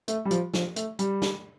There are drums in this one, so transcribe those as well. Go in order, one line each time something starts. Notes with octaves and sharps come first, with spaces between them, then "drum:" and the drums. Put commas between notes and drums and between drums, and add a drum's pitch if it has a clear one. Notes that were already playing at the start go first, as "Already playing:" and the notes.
A3, drum: hi-hat
G3
F3, drum: hi-hat
F3, drum: snare
A3, drum: hi-hat
G3, drum: hi-hat
drum: snare